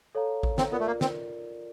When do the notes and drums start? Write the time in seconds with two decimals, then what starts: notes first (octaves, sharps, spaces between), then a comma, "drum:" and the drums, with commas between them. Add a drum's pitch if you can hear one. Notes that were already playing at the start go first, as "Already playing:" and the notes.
0.15 A4 C#5 F5 A#5
0.43 drum: kick A1
0.58 C4, drum: snare
0.72 B3 F4 A#4 D5
0.80 A3
0.87 A#3
1.01 C4, drum: snare